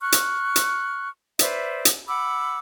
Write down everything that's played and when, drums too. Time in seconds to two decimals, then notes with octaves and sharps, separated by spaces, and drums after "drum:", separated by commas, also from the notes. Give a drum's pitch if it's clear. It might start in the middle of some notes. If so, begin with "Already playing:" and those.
0.01 C#6 F6 F#6
0.12 drum: hi-hat
0.56 drum: hi-hat
1.39 B4 C5 D5 E5, drum: hi-hat
1.85 drum: hi-hat
2.07 F#5 B5 D6 E6